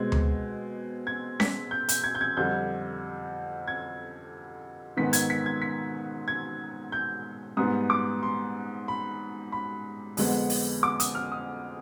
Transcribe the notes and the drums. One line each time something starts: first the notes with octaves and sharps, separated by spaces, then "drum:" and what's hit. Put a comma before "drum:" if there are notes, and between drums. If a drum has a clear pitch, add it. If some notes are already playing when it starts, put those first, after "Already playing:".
Already playing: B2 G#3 C4 G#6
drum: tom D2
G#6
B6, drum: snare C#4
G6
G6, drum: hi-hat
G#6
G6
G#6
F2 D3 G3 G6
G#6
G#2 D#3 B3 B6
G#6, drum: hi-hat
B6
G#6
B6
G#6
G6
G#2 G3 B3 D#6
D6
C6
B5
B5
F2 D3 G#3 B3, drum: open hi-hat
drum: open hi-hat
D6
D#6, drum: hi-hat
F6
D#6